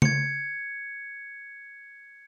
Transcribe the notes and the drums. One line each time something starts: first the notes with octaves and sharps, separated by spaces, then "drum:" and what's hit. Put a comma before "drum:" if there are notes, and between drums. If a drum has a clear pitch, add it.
G#6 C#7, drum: tom C#3